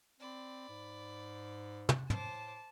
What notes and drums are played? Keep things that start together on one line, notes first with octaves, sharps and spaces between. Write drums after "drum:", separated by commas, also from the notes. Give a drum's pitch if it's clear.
C4 D5 B5
G#2
drum: tom
A2 C5 A5 D6, drum: tom